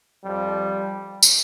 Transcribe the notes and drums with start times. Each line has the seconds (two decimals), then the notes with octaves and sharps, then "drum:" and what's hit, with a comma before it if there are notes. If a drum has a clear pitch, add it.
0.24 F2 F3 G3
1.23 drum: tambourine